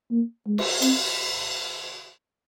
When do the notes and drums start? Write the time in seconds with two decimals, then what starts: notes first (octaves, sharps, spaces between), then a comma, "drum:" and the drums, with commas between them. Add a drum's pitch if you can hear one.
0.11 A#3
0.47 G#3
0.58 drum: cymbal
0.82 C4, drum: cymbal